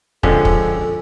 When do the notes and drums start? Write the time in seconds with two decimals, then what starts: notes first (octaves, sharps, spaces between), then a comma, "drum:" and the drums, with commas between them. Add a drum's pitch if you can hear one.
0.23 F2 D3 F3 G#3 C#4 A4, drum: kick
0.45 drum: kick